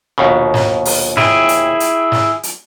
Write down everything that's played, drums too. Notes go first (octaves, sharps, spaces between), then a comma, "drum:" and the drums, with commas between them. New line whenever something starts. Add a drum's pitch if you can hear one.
A#1 D#2 B2
drum: snare
drum: open hi-hat
E4 G#4 G5, drum: snare
drum: hi-hat
drum: hi-hat
drum: snare
drum: hi-hat